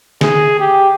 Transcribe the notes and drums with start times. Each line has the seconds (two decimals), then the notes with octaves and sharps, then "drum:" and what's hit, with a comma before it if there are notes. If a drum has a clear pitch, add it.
0.21 G#4, drum: snare
0.60 G4